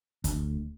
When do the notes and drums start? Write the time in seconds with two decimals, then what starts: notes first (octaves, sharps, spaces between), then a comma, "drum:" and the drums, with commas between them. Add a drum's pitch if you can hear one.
0.24 D2, drum: kick, hi-hat